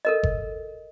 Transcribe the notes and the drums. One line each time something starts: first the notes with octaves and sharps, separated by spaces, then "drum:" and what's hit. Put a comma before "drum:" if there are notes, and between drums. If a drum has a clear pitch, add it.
A4 A#4 D#5
drum: kick G1